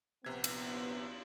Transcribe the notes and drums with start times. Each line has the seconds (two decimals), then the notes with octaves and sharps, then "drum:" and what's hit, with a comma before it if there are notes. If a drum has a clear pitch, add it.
0.25 A#1 C3 B3 G#6
0.44 drum: cymbal